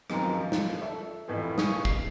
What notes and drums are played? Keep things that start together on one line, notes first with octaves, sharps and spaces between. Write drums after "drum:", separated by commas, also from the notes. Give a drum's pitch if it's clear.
B1 F#2 D#3 F3 C4 A#5, drum: rim click
F3
drum: snare
A4 E5
F1 F2 A2 E3 F3
F5 G#5 C#6 D#6, drum: snare
C7, drum: kick